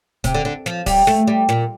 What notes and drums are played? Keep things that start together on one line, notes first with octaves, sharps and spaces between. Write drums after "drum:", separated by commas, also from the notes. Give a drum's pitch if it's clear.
C3, drum: kick, hi-hat
D3
D3
F3, drum: snare
G3, drum: kick, open hi-hat
A3, drum: snare
G3
A#2, drum: snare